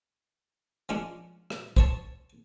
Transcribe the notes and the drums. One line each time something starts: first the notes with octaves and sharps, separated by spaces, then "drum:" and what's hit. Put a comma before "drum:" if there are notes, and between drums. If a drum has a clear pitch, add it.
F3 G#3 C#4 D4
drum: rim click
C5 C#5 A5, drum: kick